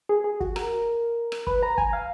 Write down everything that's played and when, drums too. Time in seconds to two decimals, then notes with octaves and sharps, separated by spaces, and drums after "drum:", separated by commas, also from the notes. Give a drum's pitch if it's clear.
0.09 G#4
0.24 G#4
0.40 F#4, drum: kick
0.56 A#4, drum: rim click
1.32 drum: rim click
1.47 B4, drum: kick
1.63 A#5
1.78 G#5, drum: kick
1.93 F5